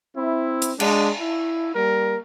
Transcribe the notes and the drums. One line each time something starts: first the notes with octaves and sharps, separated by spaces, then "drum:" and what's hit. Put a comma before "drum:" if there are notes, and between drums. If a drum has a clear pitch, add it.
C4 E4
drum: hi-hat
G#3 D4, drum: cymbal
E4
G3 A#3 A#4